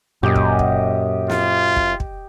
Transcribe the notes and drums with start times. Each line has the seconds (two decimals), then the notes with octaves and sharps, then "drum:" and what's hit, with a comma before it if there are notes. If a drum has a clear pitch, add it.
0.23 F#2 A#2 G4 D#5
0.36 drum: kick
0.59 drum: kick
1.30 F4, drum: snare
1.76 drum: kick
2.00 drum: kick